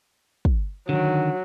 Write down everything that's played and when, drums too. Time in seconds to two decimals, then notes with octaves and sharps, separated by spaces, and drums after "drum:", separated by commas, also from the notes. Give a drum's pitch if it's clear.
0.45 drum: kick
0.89 D3 D#3 F#3